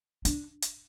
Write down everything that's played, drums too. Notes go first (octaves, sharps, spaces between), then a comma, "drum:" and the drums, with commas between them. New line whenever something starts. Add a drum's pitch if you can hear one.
D4, drum: hi-hat
drum: hi-hat